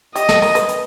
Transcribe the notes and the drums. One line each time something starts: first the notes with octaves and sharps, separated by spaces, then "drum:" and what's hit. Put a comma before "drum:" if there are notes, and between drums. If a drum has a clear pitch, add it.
G4 D#5, drum: hi-hat
A4, drum: snare
A#4, drum: open hi-hat
B4, drum: hi-hat
drum: hi-hat